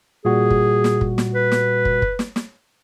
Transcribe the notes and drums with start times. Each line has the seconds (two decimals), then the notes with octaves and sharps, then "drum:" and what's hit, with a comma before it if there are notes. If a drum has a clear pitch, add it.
0.25 A#2 G3 F#4 G#4
0.50 drum: kick
0.84 drum: snare
1.01 drum: kick
1.18 drum: snare
1.35 B4
1.52 drum: snare
1.85 drum: kick
2.02 drum: kick
2.19 drum: snare
2.36 drum: snare